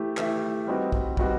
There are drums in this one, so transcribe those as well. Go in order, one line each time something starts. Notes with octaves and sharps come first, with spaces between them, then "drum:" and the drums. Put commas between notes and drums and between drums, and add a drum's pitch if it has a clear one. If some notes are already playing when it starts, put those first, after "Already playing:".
Already playing: E3 A3 E4 G4
E3 A3 E4 G4, drum: clap
G3 C4 D#4 F#4 B4
drum: kick
G3 C4 D#4 F#4 B4, drum: kick